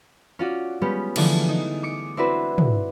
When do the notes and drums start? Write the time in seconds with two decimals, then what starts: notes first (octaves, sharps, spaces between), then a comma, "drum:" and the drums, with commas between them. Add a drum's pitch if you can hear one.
0.39 C#4 F4 F#4 D5
0.81 G3 G#3 B3 C#4 G4
1.16 D3 E3 F3 G#3 A3 D4, drum: cymbal
1.49 D#4
1.83 D6 C#7
2.17 C4 D4 E4 F#4 B4 C5
2.58 drum: tom